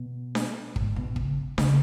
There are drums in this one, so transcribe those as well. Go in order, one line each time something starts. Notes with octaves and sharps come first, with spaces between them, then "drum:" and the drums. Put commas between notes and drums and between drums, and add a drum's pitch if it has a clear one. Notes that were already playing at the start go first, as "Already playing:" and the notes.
Already playing: B2
drum: snare D4
G#2, drum: kick
B2
C#3, drum: kick
C#3, drum: snare D4